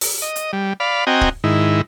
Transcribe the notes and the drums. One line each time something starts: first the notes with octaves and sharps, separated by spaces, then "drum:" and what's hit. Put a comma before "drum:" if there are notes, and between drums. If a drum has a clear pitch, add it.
drum: open hi-hat
D#5
drum: hi-hat
G3
D5 F5 B5
C4 F#4 D#5 G5 G#5 A#5
drum: kick
G#2 D#3 E4